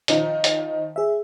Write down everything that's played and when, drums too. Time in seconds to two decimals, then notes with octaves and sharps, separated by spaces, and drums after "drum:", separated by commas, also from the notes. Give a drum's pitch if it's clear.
0.08 D#3 F3 D#4, drum: hi-hat
0.44 drum: hi-hat
0.96 G#4 E5